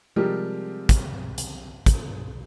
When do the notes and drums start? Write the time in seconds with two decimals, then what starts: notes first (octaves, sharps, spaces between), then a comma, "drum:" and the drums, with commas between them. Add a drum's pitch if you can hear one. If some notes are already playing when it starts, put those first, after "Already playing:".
0.16 C3 F3 G3 G#3 G4 A#4
0.89 drum: kick, hi-hat
1.38 drum: hi-hat
1.86 drum: kick, hi-hat